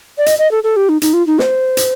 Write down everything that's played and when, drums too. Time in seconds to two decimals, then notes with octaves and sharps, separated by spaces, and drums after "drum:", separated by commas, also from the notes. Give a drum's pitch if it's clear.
0.18 D5
0.26 D#5, drum: hi-hat
0.39 D#5
0.51 A4
0.64 A4
0.76 G4
0.89 D#4
1.02 D#4, drum: hi-hat
1.13 F4
1.27 D#4
1.39 C5, drum: snare
1.77 drum: hi-hat